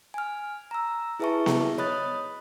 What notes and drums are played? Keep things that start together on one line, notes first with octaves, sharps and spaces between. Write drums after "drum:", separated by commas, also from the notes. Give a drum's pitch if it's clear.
G#5 F6
A#5 E6
E4 G#4 B4 E5 A5 C#6
drum: snare B3
C#5 D#5 B5 D#6 F#6 A6